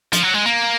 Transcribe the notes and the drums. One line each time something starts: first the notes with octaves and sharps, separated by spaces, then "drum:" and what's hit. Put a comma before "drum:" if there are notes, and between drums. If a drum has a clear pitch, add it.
F3, drum: hi-hat
F#3
G#3
A#3